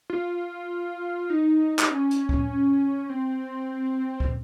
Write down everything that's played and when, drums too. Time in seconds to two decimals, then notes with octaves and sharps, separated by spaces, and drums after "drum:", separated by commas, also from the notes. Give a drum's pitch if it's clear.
0.10 F4
1.30 D#4
1.79 D#4, drum: clap
1.90 C#4
2.11 drum: hi-hat
2.29 drum: kick D2
3.09 C4
4.20 drum: kick D2